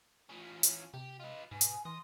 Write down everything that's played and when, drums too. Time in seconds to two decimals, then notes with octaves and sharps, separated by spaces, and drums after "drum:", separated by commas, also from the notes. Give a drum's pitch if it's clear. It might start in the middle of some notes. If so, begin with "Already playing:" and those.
0.30 E3 C#4 F4
0.63 drum: hi-hat
0.94 C3 G4
1.20 F4 B4 D#5
1.51 G#2 B2 G#5
1.61 drum: hi-hat
1.85 E3 D#5 C6